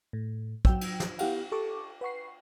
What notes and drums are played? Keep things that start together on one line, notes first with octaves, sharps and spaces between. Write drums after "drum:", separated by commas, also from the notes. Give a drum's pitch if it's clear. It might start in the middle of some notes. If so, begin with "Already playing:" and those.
A2
F#3 G5 E6, drum: kick
drum: cymbal
drum: snare
B3 E4 G4 F5 F#5, drum: cymbal
G4 A4 C#6 D6
B4 F#5 C#6 C7